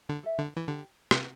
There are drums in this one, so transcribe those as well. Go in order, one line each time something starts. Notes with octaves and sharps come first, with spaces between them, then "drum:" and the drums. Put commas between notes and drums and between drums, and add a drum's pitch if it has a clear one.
D3
A4 E5
D3
E3
D3 G4
C3 B4 F#5, drum: rim click